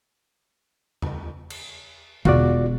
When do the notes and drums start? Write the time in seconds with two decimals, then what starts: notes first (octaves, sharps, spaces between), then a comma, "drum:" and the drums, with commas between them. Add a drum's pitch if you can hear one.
1.02 drum: tom E2
1.50 drum: cymbal
2.25 E1 F4 F#4 D5, drum: tom D3